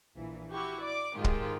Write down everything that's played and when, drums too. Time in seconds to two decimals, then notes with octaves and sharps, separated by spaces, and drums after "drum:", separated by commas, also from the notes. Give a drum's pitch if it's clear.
0.15 A#1 E3
0.52 E4 F#4 G4 C#6
0.82 D5 D6
1.15 G#2 D#3 G#3 F4 G4
1.24 drum: kick